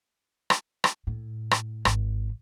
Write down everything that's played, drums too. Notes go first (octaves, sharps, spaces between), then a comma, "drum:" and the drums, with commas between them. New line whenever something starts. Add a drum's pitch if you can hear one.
drum: rim click
drum: rim click
A2
drum: rim click
G#1, drum: rim click